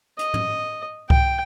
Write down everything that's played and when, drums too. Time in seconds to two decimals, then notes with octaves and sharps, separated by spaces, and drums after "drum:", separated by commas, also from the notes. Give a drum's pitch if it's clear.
0.19 D#5, drum: hi-hat
0.34 drum: tom
1.10 G5, drum: kick C2